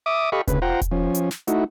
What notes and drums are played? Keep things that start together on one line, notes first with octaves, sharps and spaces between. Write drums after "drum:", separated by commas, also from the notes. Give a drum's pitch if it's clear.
E5 D6 D#6
G4 A4 D#5 F5 B5 C#6
D2 C#3 B4, drum: kick E1, hi-hat
F4 C5 F#5 G5 A#5
drum: kick E1, hi-hat
F3 C#4
drum: hi-hat
drum: snare
A3 D#4 E4 F#4, drum: hi-hat